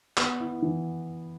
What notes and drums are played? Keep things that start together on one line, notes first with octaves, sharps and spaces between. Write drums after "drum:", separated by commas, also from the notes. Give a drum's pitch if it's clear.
B3, drum: clap
E4
E3